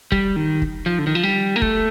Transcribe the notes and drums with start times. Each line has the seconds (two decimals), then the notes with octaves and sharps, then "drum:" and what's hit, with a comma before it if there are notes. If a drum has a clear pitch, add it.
0.12 G3, drum: kick
0.36 D#3
0.62 drum: kick
0.86 F3
0.99 D3
1.07 D#3
1.15 F3
1.23 G3
1.56 A#3
1.62 A3, drum: kick